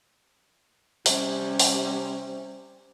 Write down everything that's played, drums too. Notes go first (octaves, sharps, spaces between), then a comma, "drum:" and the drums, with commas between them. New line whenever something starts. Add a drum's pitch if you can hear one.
C3 G3 C#4, drum: open hi-hat
drum: open hi-hat